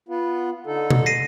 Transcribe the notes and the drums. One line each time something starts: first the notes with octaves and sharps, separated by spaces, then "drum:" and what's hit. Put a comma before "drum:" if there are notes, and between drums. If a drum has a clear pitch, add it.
B3 F4
D3 D#4 A4
drum: tom B2
A#6 C7 D#7